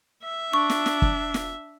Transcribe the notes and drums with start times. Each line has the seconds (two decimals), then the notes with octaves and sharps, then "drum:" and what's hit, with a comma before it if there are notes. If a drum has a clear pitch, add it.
0.24 E5
0.53 D4 C#6
0.70 drum: snare
0.86 drum: snare
1.02 drum: kick
1.34 drum: snare